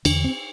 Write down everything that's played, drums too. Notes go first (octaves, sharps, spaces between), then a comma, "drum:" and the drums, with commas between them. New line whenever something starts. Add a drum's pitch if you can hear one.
E2 D3 D4, drum: cymbal
C4